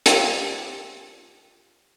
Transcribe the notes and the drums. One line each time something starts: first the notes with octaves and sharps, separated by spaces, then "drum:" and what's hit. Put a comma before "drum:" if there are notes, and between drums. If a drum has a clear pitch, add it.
F4 G4 A#4 G5 D6, drum: hi-hat